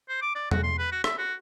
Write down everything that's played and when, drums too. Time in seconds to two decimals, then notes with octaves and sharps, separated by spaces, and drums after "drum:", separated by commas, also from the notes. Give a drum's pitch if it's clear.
0.09 C5
0.22 D6
0.35 D5
0.51 F#4, drum: tom E2
0.63 C6
0.78 B4
0.92 F#4
1.04 E5, drum: rim click
1.18 F#4